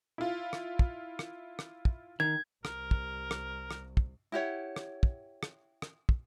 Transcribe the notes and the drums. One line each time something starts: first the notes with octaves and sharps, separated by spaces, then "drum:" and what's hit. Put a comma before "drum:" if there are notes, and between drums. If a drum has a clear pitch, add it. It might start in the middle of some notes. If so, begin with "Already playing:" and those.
E4 F4
drum: rim click
drum: kick
drum: rim click
drum: rim click
drum: kick
D#3 G#6
C2 A#4, drum: rim click
drum: kick
drum: rim click
drum: rim click
drum: kick
E4 G4 C#5 F#5
drum: rim click
drum: kick
drum: rim click
drum: rim click
drum: kick